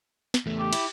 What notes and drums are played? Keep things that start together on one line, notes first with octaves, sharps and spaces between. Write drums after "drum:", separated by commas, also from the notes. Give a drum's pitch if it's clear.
drum: snare
E2 A3
G4
E4, drum: cymbal